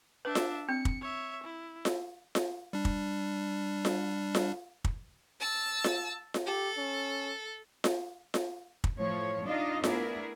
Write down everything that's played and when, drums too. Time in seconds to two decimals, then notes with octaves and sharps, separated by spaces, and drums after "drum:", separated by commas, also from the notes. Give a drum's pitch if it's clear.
0.25 D4 B4 E5
0.35 drum: snare F4
0.69 C4 C#7
0.85 drum: kick
1.01 C#5 E5
1.44 E4
1.85 drum: snare F4
2.35 drum: snare F4
2.73 G3 D4
2.85 drum: kick
3.85 drum: snare F4
4.35 drum: snare F4
4.84 drum: kick
5.40 A5 E6
5.84 drum: snare F4
6.34 drum: snare F4
6.46 G4 A4
6.78 C#4
7.84 drum: snare F4
8.34 drum: snare F4
8.84 drum: kick
8.98 A2 F3 C#5
9.45 D4 D#4 F4 D#5 F5
9.84 A3 B3 D4 E4 G#4 A#4, drum: snare F4